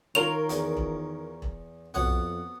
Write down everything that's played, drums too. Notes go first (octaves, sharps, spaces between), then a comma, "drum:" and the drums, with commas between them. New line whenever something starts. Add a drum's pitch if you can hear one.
D#3 F4 A#4 C#5 F5 C6 F7
E2, drum: hi-hat
drum: kick E1
drum: kick E1
F2 B3 F#4 C#5 F#5, drum: tom B1